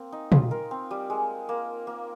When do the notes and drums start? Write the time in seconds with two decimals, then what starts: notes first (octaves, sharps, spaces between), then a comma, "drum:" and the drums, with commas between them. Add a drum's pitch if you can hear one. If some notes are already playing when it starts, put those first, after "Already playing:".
Already playing: A#3 C4
0.12 D#4
0.32 F4, drum: tom
0.51 A#4
0.71 C4
0.91 G3
1.10 G#3
1.49 A#3
1.87 A#3